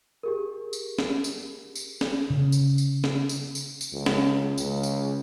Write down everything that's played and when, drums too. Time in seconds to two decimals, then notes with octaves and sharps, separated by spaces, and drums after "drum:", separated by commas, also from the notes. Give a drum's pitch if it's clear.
0.23 G4 G#4 A#4
0.73 drum: tambourine
0.99 drum: snare
1.24 drum: tambourine
1.75 drum: tambourine
2.01 drum: snare
2.30 C#3
2.52 drum: tambourine
2.78 drum: tambourine
3.04 drum: snare
3.29 drum: tambourine
3.55 drum: tambourine
3.81 drum: tambourine
3.93 C#2
4.06 drum: snare
4.58 C#2, drum: tambourine
4.83 drum: tambourine